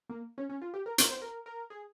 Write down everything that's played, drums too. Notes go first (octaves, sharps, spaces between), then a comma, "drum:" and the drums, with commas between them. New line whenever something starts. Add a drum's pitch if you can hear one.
A#3
C#4
C#4
F4
G4
A#4
A#4, drum: hi-hat
C5
A#4
A#4
G#4